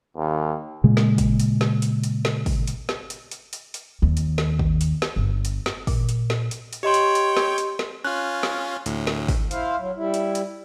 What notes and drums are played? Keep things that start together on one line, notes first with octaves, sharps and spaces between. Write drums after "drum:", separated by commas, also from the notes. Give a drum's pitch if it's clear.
D#2
A#2 C#3 G#3
drum: snare
drum: kick, hi-hat
drum: hi-hat
drum: snare
drum: hi-hat
drum: hi-hat
drum: snare
drum: kick, open hi-hat
drum: hi-hat
drum: snare
drum: hi-hat
drum: hi-hat
drum: hi-hat
drum: hi-hat
D#2
drum: hi-hat
drum: snare
drum: kick
drum: hi-hat
drum: snare
G1
drum: hi-hat
drum: snare
A#2, drum: kick, open hi-hat
drum: hi-hat
drum: snare
drum: hi-hat
drum: hi-hat
G4 C#5 D#5 G5 C6
drum: hi-hat
drum: hi-hat
drum: snare
drum: hi-hat
drum: snare
C#4 F4 F#6
drum: snare
D2 A2, drum: hi-hat
drum: snare
drum: kick, open hi-hat
E4 C5 F5, drum: hi-hat
F#3
G3 E4
drum: hi-hat
drum: hi-hat